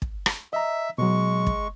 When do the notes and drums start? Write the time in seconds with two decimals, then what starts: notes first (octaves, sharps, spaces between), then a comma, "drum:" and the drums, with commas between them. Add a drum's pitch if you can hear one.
0.02 drum: kick
0.26 drum: rim click
0.53 D#5 E5 A#5
0.98 B2 F#3 G#3 C#6
1.47 drum: kick